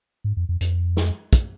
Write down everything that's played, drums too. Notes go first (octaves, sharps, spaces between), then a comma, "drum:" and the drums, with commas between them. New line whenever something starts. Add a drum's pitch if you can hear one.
G#2
F2
F2
F2, drum: hi-hat
drum: snare
drum: kick, hi-hat